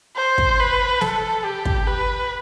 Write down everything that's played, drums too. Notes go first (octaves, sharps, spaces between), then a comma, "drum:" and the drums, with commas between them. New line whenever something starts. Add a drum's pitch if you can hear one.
C5
drum: kick
B4
A4, drum: snare
G4
drum: kick
B4